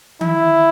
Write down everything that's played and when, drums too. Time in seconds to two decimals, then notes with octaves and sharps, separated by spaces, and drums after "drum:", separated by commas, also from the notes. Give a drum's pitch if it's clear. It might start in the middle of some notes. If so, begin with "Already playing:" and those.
0.21 E4, drum: tom D#3